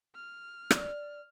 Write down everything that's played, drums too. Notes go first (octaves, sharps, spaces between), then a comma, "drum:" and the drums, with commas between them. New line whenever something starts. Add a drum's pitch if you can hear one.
F6
D4 D5, drum: rim click